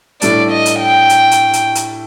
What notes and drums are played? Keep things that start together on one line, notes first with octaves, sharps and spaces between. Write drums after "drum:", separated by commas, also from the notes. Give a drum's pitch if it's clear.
A2 G3 D4 A4 D5, drum: hi-hat
D#5
drum: hi-hat
G5
drum: hi-hat
drum: hi-hat
drum: hi-hat
drum: hi-hat